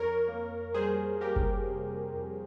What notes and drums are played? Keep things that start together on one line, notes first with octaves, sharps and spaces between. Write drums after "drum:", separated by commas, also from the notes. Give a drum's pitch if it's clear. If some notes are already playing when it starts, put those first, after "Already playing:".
Already playing: F2 A#4 C#5
A#3
G3 G#4 C5
A#3 G4 A#4
drum: kick F#1
C3
F2